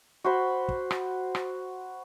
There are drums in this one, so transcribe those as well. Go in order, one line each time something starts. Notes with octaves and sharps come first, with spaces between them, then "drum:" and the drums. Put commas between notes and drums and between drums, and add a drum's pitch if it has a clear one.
F#4 C5 B5
drum: kick
drum: rim click
drum: rim click